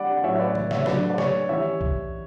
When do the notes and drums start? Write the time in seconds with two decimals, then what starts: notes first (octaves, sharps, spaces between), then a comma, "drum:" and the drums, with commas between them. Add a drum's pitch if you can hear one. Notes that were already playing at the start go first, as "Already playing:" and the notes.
Already playing: G3 D4 D5 F#5 B5 D6
0.17 F#5
0.24 A2 F#3 C#4 E4 C#5 E5
0.39 B4 D5
0.55 drum: tom
0.71 C#5 E5, drum: snare
0.86 F#3 A3 D4 B4 D5, drum: snare
1.10 D5
1.18 C#5, drum: snare
1.49 E3 G3 C#4 E4 C#5 E5
1.81 drum: kick B1